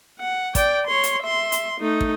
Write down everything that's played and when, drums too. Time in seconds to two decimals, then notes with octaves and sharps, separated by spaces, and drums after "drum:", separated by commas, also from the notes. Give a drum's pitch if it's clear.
0.19 F#5
0.55 D5 G5, drum: kick, hi-hat
0.87 C#5 C6
1.03 drum: hi-hat
1.22 E5 C6
1.52 drum: hi-hat
1.80 A3 D#4
2.01 drum: kick